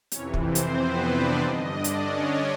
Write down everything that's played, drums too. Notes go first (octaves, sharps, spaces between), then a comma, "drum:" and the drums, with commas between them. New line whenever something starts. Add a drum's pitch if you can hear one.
F2 C3 E3 C#4 C#5, drum: hi-hat
drum: kick
C4 C5
drum: hi-hat
B3 B4
D4 D5
G2 D3 D#4 D#5
D4 D5
drum: hi-hat
C#4 C#5